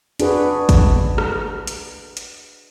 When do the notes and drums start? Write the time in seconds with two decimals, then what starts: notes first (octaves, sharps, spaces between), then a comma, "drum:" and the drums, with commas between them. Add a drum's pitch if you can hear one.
0.20 D4 F#4 G#4 B4, drum: hi-hat
0.69 drum: kick, hi-hat
1.18 drum: rim click
1.67 drum: hi-hat
2.17 drum: hi-hat